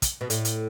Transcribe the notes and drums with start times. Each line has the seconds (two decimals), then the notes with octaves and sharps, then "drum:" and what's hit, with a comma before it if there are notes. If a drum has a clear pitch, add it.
0.02 drum: kick, hi-hat
0.21 B2
0.30 A2, drum: hi-hat
0.45 drum: hi-hat